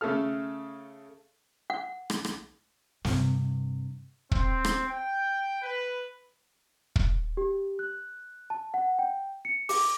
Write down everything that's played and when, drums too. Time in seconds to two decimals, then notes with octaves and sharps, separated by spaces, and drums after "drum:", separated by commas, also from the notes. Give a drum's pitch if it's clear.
0.01 C#3 A3 G#4 A4 F6
1.70 F#5
2.10 drum: rim click
2.25 drum: rim click
3.05 G2 C3, drum: snare
4.31 C4, drum: kick
4.65 drum: rim click
4.87 G5
5.63 B4
6.96 drum: kick
7.37 G4
7.79 F#6
8.50 A5
8.74 F#5
8.99 G5
9.45 C#7
9.69 D6, drum: open hi-hat